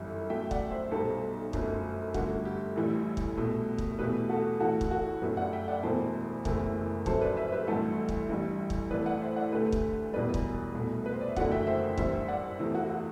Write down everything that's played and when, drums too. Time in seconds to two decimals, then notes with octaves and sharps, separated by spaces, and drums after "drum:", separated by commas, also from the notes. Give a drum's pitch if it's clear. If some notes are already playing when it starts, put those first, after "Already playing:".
Already playing: G1 F#2 E3 G3
0.30 F#2 F#3 A3 E5 G5
0.51 D5 F#5, drum: kick
0.71 C5 E5
0.91 B1 B2 G3 A4 C5
1.53 G1 F#2 F#3 A3, drum: kick
2.14 G1 G2 D3 A3 F#4, drum: kick
2.45 G4
2.76 A1 A2 E3 G3
3.17 drum: kick
3.37 C2 B2 A3
3.78 drum: kick
3.99 E2 B2 A3 G4 B4
4.29 F#4 A4
4.60 A1 A2 E3 F#4 A4
4.81 drum: kick
4.91 F#4 A4
5.22 G1 F#2 F#3 A3 G4 B4
5.37 D5 F#5
5.53 E5 G5
5.68 D5 F#5
5.83 E1 E2 B2 F#3 A3 A4 C5
6.45 F#1 E2 C3 E3 A3, drum: kick
7.06 G1 F#2 F#3 A4 C5, drum: kick
7.21 B4 D5
7.37 C5 E5
7.52 G4 B4
7.67 A1 G2 E3 A3 F#4 A4
8.09 drum: kick
8.29 A1 G2 E3 G3
8.70 drum: kick
8.90 A1 A2 E3 A3 B4 D5
9.06 D5 F#5
9.21 C5 E5
9.36 D5 F#5
9.52 D2 D3 A3 G4 B4
9.72 drum: kick
10.13 E1 E2 B2 G3 B4 D5
10.34 drum: kick
10.75 C2 B2 A3
11.06 B4
11.13 C5
11.21 D5
11.28 E5
11.36 F#1 E2 D3 F#3 A3 D5 F#5, drum: kick
11.52 E5 G5
11.67 C5 E5
11.98 A1 G2 E3 G3 C5 E5, drum: kick
12.28 D5 F#5
12.59 E2 C3 E3 A3
12.75 F#4
12.90 F#4